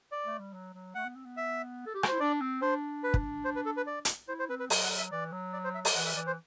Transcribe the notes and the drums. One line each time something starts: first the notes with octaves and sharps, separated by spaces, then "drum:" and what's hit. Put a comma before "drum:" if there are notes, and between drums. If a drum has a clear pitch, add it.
D5
A3
G3
F#3
F#3
A3 F#5
B3
C4
B3
E5
A4
G4
F#4, drum: rim click
E4 C5
D4 D5
C4
D4 C5
B4
drum: kick
C5
B4
A4
B4
D5
drum: hi-hat
E4 C5
C5
C4 B4
B4
F#3, drum: open hi-hat
F#5
E5
E3 D5
F#3
D5
C5
E5
D5, drum: open hi-hat
E3 F#5
E5
E3 D5
C5